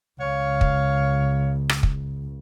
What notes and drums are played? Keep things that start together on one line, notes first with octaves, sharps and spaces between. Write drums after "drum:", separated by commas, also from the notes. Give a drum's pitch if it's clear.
C#2 C#5 F5
drum: kick
drum: rim click
drum: kick